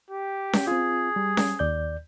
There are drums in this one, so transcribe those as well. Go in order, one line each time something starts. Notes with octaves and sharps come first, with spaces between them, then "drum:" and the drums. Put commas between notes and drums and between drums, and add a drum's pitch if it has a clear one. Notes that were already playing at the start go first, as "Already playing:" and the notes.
G4
drum: snare C#4
C4 F4 G#4
G3
drum: snare C#4
D#2 D5 G6